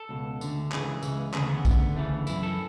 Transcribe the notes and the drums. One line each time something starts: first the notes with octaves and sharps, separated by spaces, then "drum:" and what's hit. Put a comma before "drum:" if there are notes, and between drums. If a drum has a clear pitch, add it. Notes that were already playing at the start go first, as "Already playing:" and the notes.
Already playing: A4
C#2 B2
D2 D3, drum: tambourine
C#2 C#3 E3 G#4, drum: clap
C#2 C#3 E3, drum: tambourine
D2 C#3 E3 G#4, drum: clap
B3
D2 D3, drum: kick, tambourine
D2 C#3 E3 A3
F#2 E3 E4, drum: tambourine
A4